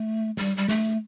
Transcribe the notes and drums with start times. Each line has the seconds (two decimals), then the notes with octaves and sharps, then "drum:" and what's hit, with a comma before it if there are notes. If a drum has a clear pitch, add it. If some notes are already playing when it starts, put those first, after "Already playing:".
Already playing: A3
0.37 G3, drum: snare
0.57 G3
0.68 A3, drum: snare
0.85 drum: hi-hat